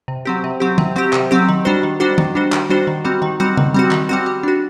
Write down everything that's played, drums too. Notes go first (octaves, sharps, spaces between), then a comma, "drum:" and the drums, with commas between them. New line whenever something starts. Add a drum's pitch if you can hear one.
C3
F#3 C4 G4
C3
F#3 C4 G4
C3, drum: tom D#3
F#3 C4 G4
C3, drum: clap
F#3 C4 G4
D#3
G3 D4 F#4 C5
D#3
G3 D4 F#4 C5
D#3, drum: tom D#3
G3 D4 F#4 C5
D#3, drum: clap
G3 D4 F#4 C5
D#3
G3 C4 F#4
D#3
G3 C4 F#4
D#3, drum: tom
G3 C4 F#4
D#3, drum: clap
G3 C4 F#4
G3
D4 F#4